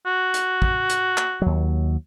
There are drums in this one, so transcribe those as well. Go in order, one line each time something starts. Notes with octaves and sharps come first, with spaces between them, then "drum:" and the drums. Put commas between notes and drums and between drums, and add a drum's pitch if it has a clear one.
F#4
drum: hi-hat
drum: kick
drum: hi-hat
drum: clap
D#2 F#3